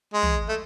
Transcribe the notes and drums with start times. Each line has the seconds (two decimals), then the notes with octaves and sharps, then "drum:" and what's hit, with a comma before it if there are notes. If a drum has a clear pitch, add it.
0.14 G#3
0.23 drum: tom
0.49 A3